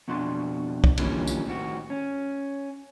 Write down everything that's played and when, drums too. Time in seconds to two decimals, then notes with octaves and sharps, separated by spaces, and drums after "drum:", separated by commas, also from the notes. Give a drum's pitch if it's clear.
0.08 F2 B2 D4 F#4 C6
0.84 drum: kick
0.97 D3 E3 F3 G3 A#3 C#4, drum: cymbal
1.27 drum: tambourine
1.46 A2 D#3 C4 F#4
1.90 C#4